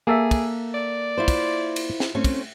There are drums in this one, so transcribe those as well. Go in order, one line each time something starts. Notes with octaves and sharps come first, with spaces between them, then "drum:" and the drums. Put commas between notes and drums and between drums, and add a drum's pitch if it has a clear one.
A#3 G#4 A4 E5
drum: kick, cymbal
D5
E4 F4 C5
drum: kick, cymbal
drum: cymbal
drum: snare
A3 C4 C#4
drum: kick, cymbal